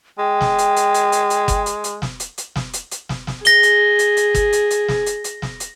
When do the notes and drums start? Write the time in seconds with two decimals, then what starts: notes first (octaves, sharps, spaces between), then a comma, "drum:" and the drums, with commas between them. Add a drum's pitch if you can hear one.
0.18 G#3 G5
0.41 drum: snare
0.58 drum: hi-hat
0.76 drum: hi-hat
0.94 drum: hi-hat
1.12 drum: hi-hat
1.30 drum: hi-hat
1.48 drum: kick, hi-hat
1.66 drum: hi-hat
1.84 drum: hi-hat
2.02 drum: snare
2.20 drum: hi-hat
2.38 drum: hi-hat
2.56 drum: snare
2.73 drum: hi-hat
2.91 drum: hi-hat
3.09 drum: snare
3.27 drum: snare
3.45 G#4 A#6 G7, drum: hi-hat
3.63 drum: hi-hat
3.99 drum: hi-hat
4.17 drum: hi-hat
4.35 drum: kick, hi-hat
4.53 drum: hi-hat
4.70 drum: hi-hat
4.88 drum: snare
5.06 drum: hi-hat
5.24 drum: hi-hat
5.42 drum: snare
5.60 drum: hi-hat